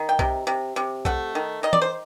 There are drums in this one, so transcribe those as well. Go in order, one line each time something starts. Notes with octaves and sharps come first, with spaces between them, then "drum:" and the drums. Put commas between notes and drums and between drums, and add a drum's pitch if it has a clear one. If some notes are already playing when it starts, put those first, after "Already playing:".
Already playing: D#3
G5
C3, drum: kick B1
C3
C3
A3 F#5, drum: kick B1
D#3
D#3 D#5
D5, drum: tom E3
C5